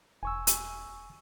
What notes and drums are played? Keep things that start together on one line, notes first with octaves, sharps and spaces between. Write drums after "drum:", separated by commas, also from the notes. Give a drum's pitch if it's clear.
E1 G#5 C#6 E6
drum: hi-hat